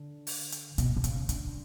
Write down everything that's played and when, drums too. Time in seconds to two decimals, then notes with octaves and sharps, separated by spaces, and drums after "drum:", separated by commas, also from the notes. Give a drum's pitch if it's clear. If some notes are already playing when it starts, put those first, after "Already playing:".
Already playing: D3
0.27 drum: open hi-hat
0.52 drum: hi-hat
0.78 B2, drum: hi-hat
0.96 D3
1.04 C#3, drum: hi-hat
1.29 D3, drum: hi-hat